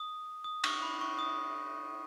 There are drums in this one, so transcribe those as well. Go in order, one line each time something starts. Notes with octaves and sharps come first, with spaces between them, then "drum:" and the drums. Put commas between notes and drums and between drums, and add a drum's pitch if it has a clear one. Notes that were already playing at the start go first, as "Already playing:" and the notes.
Already playing: D#6
D#6
C#6, drum: cymbal
B5
C#6
D#6